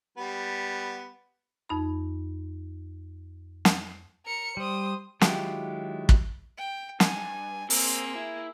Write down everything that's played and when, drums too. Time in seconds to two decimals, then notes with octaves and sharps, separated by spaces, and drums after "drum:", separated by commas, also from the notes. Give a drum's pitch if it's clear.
0.18 G3 B3
1.69 F2 D#4 B5
3.65 drum: snare
4.26 A#4 C#7
4.57 G3 C5 D#6
5.21 D#3 F#3 G#3 E4 F4 G4, drum: snare
6.09 drum: kick
6.57 G5
7.00 G2 G#5, drum: snare
7.70 A#3 C4 G#4, drum: open hi-hat
8.15 E4